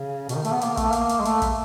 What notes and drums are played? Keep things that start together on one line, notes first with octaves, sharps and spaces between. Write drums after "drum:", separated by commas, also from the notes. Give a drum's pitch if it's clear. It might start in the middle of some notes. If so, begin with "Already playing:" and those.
Already playing: C#3
B2, drum: hi-hat
D#3
A3, drum: hi-hat
B3
A#3, drum: hi-hat
A3, drum: kick, hi-hat
A#3, drum: hi-hat
drum: hi-hat
G#3
A3, drum: hi-hat
drum: kick, hi-hat